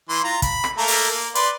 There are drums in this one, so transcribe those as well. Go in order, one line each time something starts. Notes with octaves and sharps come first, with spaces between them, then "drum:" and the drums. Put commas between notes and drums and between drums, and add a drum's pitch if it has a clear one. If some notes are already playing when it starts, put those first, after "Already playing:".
E3 C6
F4 A#5
B5, drum: kick, hi-hat
drum: rim click
A3 A#3 A#4
drum: open hi-hat
A#3
B4 D5 C6, drum: hi-hat